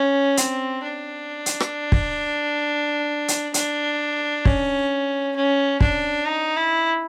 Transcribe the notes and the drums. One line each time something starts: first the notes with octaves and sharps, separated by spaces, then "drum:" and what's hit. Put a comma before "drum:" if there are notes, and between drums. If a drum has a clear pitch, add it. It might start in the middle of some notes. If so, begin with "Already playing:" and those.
Already playing: C#4
C4, drum: hi-hat
D4
drum: hi-hat
drum: rim click
drum: kick
drum: hi-hat
D4, drum: hi-hat
C#4, drum: kick
C#4
D4, drum: kick
D#4
E4